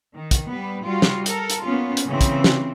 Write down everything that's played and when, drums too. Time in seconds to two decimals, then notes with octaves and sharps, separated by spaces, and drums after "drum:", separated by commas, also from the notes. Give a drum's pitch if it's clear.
0.15 D#3
0.31 drum: kick, hi-hat
0.51 G3 B3 B4
0.84 G3 F4 F#4
1.02 drum: snare
1.26 A4 A#4, drum: hi-hat
1.50 drum: hi-hat
1.65 A#3 B3 C#4 F4
1.97 drum: hi-hat
2.09 C#3 E3 C4
2.21 drum: kick, hi-hat
2.44 drum: snare